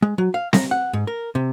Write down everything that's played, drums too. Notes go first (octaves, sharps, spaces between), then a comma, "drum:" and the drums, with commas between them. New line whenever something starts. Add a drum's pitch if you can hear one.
G#3
F#3
F5
A#5, drum: snare C4
F#5
G#2
A#4
C3